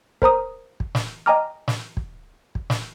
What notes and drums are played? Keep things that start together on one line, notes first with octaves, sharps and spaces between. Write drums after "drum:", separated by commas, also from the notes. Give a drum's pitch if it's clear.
A#4 C5 A#5 D#6, drum: kick
drum: kick
drum: snare
D#5 G5 G#5 A#5 D6 F6
drum: snare
drum: kick
drum: kick
drum: snare